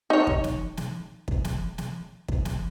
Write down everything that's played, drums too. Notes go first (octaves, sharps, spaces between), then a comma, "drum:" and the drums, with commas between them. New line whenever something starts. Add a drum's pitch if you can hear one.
D#4 C#5
drum: kick
drum: snare
drum: snare
drum: kick
drum: snare
drum: snare
drum: kick
drum: snare